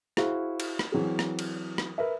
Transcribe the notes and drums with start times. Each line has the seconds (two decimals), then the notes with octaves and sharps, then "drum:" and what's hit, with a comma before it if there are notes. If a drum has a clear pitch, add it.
0.17 E4 F#4 G#4 C5 F5, drum: rim click
0.60 drum: cymbal
0.79 drum: rim click
0.92 E3 F#3 C4 G#4
1.19 drum: rim click
1.39 drum: cymbal
1.78 drum: rim click
1.98 A#4 B4 E5